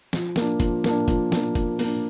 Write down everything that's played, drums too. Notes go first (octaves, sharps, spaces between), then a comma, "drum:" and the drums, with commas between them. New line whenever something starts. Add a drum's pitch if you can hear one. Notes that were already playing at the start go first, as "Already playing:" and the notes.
F3, drum: snare
A#3 D4, drum: snare
F3, drum: kick, hi-hat
A#3 D4, drum: snare
F3, drum: kick, hi-hat
A#3 D4, drum: snare
F3, drum: kick, hi-hat
A#3 D4, drum: open hi-hat